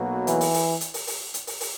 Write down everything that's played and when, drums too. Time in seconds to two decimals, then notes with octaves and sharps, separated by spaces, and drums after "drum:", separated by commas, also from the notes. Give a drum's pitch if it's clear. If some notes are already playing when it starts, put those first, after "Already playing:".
Already playing: B1 B2 F#3 A#3
0.27 E3, drum: hi-hat
0.41 drum: open hi-hat
0.54 drum: open hi-hat
0.81 drum: hi-hat
0.94 drum: open hi-hat
1.07 drum: open hi-hat
1.34 drum: hi-hat
1.47 drum: open hi-hat
1.61 drum: open hi-hat